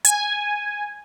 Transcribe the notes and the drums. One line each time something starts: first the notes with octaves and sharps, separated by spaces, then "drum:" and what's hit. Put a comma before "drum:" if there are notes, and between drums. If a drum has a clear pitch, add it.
G#5, drum: hi-hat